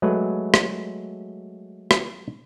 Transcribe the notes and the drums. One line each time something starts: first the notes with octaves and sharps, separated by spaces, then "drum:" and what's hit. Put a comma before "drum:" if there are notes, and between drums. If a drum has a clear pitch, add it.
F#3 G#3 A3 B4
drum: rim click
drum: rim click